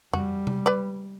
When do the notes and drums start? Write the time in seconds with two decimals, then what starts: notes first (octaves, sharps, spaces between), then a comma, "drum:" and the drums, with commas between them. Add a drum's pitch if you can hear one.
0.13 G3 F#4, drum: tom F2
0.47 drum: tom C3
0.66 B4 D5